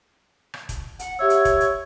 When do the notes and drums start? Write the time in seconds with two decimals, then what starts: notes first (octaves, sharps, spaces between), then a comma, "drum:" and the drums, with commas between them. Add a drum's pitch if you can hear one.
0.54 drum: rim click
0.69 drum: kick E1, hi-hat
0.99 F#5, drum: hi-hat
1.19 G4 C#5 E5 E6
1.30 drum: hi-hat
1.45 drum: kick E1, hi-hat
1.60 drum: hi-hat